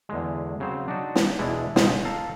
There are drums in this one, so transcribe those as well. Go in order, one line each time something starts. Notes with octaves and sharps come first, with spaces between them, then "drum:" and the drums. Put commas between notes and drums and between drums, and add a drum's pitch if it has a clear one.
E2 D3 G#3
C#3 F#3 C4 C5
D4 D#4 F#4
drum: snare
E2 B2 G#3 B3 D4 E4
C#2 B2 G#4 C5 F5, drum: snare
A4 F5 A5 A#5